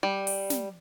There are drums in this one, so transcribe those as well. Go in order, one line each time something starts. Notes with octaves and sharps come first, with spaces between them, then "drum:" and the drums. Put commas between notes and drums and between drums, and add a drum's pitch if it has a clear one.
G3
drum: open hi-hat
drum: snare